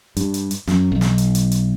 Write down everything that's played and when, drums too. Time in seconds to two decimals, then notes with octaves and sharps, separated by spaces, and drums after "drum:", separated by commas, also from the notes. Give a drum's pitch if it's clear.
0.17 G2, drum: hi-hat
0.34 drum: hi-hat
0.51 drum: hi-hat
0.67 F#2, drum: snare
0.92 B1
1.01 drum: snare
1.18 drum: hi-hat
1.35 drum: hi-hat
1.52 drum: hi-hat